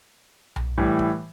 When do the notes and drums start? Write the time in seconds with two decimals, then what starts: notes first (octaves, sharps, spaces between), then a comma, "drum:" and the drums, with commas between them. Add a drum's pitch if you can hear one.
0.56 drum: tom B1
0.78 A2 E3 G3
0.99 drum: kick